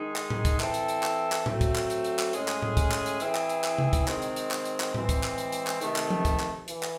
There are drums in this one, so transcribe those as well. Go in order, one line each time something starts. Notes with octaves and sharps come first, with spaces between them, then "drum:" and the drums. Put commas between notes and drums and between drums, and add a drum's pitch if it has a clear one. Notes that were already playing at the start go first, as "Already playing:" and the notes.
Already playing: D#3 G#3 D#4 G#4
drum: clap
drum: tom A2
drum: kick, hi-hat
E3 C4 E4 A4, drum: clap
drum: hi-hat
drum: hi-hat
drum: clap
drum: clap
F#3 A3 C4, drum: tom A2
drum: kick, hi-hat
drum: clap
drum: hi-hat
drum: hi-hat
drum: clap
A2 G#3 C#4 G#4, drum: hi-hat
drum: clap
drum: tom A2
drum: kick, hi-hat
drum: clap
drum: hi-hat
E3 C4 E4 G#4, drum: hi-hat
drum: clap
drum: hi-hat
drum: clap
drum: tom C3
drum: kick, hi-hat
D#3 G#3 C4, drum: clap
drum: hi-hat
drum: hi-hat
drum: clap
drum: hi-hat
drum: clap
E3 G#3 C4, drum: tom A2
drum: kick, hi-hat
drum: clap
drum: hi-hat
drum: hi-hat
drum: clap
C3 D#3 A3, drum: hi-hat
drum: clap
drum: tom F3
drum: kick, hi-hat
drum: clap
E3, drum: hi-hat
drum: clap